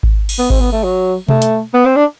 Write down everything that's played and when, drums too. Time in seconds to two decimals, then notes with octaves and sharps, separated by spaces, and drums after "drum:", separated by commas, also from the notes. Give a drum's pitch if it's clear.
0.03 drum: kick G#1
0.29 drum: cymbal
0.38 B3
0.50 C4, drum: kick G#1
0.60 B3
0.72 A3
0.84 F#3
1.29 A3, drum: tom B2
1.42 drum: hi-hat
1.74 B3
1.85 C4
1.96 D4